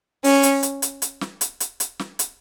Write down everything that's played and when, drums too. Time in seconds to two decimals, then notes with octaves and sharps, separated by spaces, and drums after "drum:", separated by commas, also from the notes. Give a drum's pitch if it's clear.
0.24 C#4, drum: open hi-hat
0.43 drum: hi-hat
0.63 drum: hi-hat
0.82 drum: hi-hat
1.02 drum: hi-hat
1.21 drum: snare
1.41 drum: hi-hat
1.60 drum: hi-hat
1.80 drum: hi-hat
1.99 drum: snare
2.19 drum: hi-hat